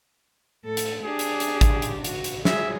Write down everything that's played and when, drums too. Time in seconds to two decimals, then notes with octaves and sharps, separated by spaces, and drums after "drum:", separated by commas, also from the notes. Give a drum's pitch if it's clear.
0.65 A2 A4
0.77 drum: hi-hat
1.04 D4 G4 G#4
1.19 drum: hi-hat
1.40 drum: hi-hat
1.61 drum: kick, hi-hat
1.82 drum: hi-hat
2.04 F#4, drum: hi-hat
2.24 drum: hi-hat
2.45 G#4 E5, drum: snare